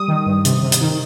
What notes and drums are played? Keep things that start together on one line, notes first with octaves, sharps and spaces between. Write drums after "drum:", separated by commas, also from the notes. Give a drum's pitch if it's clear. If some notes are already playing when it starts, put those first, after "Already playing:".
Already playing: G3 D#6
D#3
G2
C3, drum: hi-hat
C3
drum: hi-hat
D#3